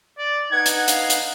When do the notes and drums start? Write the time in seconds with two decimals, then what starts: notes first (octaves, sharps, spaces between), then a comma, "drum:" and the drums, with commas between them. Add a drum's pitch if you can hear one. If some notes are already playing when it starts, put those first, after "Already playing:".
0.18 D5
0.51 D#4 B4 F#5 G#6
0.66 drum: hi-hat
0.88 F5, drum: hi-hat
1.10 drum: hi-hat